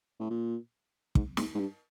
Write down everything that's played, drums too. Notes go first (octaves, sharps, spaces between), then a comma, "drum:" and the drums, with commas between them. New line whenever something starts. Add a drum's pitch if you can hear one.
A2
A#2
G#2, drum: kick
G#2, drum: snare
G#2
G2